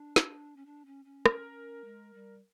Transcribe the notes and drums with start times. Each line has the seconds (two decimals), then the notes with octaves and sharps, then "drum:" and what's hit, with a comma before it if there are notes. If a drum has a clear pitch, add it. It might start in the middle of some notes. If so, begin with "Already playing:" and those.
Already playing: D4
0.16 drum: snare
0.56 C#4
0.66 D4
0.86 C#4
1.05 C#4
1.26 A#4, drum: rim click
1.84 G#3
2.14 G3